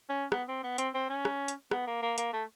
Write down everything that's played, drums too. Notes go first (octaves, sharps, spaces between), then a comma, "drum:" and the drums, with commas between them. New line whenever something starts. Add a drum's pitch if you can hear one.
C#4
B3, drum: rim click
C4
B3
C4, drum: hi-hat
C4
C#4
drum: rim click
drum: hi-hat
B3, drum: rim click
A#3
A#3
A#3, drum: hi-hat
A3